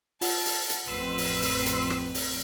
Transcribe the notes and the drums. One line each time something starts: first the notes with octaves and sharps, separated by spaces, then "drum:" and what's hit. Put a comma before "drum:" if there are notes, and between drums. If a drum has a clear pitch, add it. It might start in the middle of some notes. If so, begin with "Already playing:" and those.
F4 F#5 A5, drum: open hi-hat
drum: open hi-hat
drum: hi-hat
A1 F2 C4 B4 C6 E6
drum: open hi-hat
drum: open hi-hat
drum: hi-hat
drum: rim click
drum: open hi-hat